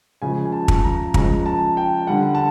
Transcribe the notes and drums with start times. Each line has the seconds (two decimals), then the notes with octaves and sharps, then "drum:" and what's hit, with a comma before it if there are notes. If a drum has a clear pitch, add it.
0.22 C#3 F3 G#3 G#5
0.45 G#5
0.52 A5
0.68 drum: kick
0.84 A#5
1.14 C#3 F3 G#3 A#5, drum: kick
1.46 A5
1.77 G5
2.07 D3 G3 F#5
2.35 A5